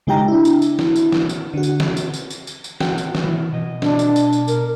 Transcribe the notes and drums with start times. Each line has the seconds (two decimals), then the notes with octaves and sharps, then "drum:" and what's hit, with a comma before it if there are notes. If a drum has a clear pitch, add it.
0.07 C#3 G#3 D#4 G4 G5 A#5
0.28 D4 E4
0.45 drum: tambourine
0.62 drum: tambourine
0.79 drum: snare
0.96 drum: tambourine
1.12 drum: snare
1.29 drum: tambourine
1.54 D3 F#4
1.63 drum: tambourine
1.80 drum: snare
1.97 drum: tambourine
2.14 drum: tambourine
2.30 drum: tambourine
2.47 drum: tambourine
2.64 drum: tambourine
2.80 F#4 G5, drum: snare
2.98 drum: tambourine
3.15 drum: snare
3.24 E3
3.52 B2 D#5
3.82 D4, drum: snare
3.99 drum: tambourine
4.16 drum: tambourine
4.33 drum: tambourine
4.48 A#4, drum: tambourine